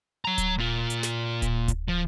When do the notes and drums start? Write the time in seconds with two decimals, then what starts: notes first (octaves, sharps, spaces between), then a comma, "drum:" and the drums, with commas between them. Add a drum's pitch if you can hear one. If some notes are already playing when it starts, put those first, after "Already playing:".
0.25 F#3 A#5
0.38 drum: kick D1, hi-hat
0.58 A#2 F4
0.90 drum: hi-hat
1.03 drum: snare
1.42 drum: kick D1, hi-hat
1.68 drum: kick D1, hi-hat
1.88 F3